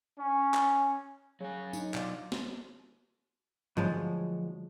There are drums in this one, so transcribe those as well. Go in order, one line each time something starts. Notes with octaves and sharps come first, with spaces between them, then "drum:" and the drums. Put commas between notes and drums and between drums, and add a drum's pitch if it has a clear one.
C#4
drum: clap
C#3 F#3 G#5
D4 D#4, drum: tambourine
B2 F4 D5, drum: clap
drum: snare
D2 F3 F#3 G#3, drum: tom